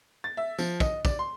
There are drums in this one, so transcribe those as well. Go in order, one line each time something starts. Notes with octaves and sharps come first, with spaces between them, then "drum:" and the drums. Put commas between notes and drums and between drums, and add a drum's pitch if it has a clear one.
A6
E5
F3, drum: tambourine
D#5, drum: kick, tambourine
D5, drum: kick, tambourine
C6